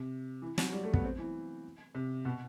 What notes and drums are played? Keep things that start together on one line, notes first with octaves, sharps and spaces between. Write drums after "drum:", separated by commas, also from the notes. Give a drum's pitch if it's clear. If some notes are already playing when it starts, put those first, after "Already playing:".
Already playing: C3
E3
F#3, drum: snare
G3
A3
B3, drum: kick
C4
E3
C3
B2